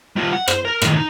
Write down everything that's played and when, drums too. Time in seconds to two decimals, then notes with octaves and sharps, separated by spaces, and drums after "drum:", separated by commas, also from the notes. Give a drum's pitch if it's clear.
0.16 G3 F4
0.33 F#5
0.48 C5, drum: rim click
0.65 A#4
0.82 A2 D#3, drum: rim click
0.96 D#4